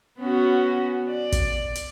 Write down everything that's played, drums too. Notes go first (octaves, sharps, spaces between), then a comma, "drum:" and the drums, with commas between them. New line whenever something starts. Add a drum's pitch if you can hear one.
B3 C#4 F#4
D5
drum: kick, hi-hat
drum: hi-hat